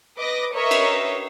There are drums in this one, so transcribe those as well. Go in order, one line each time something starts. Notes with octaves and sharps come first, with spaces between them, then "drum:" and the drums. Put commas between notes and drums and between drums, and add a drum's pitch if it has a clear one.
B4 D#5 D6 D#6 A#6
A#4 B4 C#5 D#5 E5
drum: cymbal